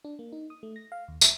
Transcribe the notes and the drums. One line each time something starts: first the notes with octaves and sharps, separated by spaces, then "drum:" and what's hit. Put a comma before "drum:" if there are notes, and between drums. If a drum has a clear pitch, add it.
D4
A#3
D#4
D#6
A3
A#6
F5
D#2
E5, drum: tambourine